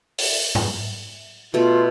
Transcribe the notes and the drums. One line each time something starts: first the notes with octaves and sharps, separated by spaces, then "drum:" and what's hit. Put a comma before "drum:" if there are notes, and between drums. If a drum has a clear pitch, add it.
drum: open hi-hat
drum: tom G#2
B2 A3 F4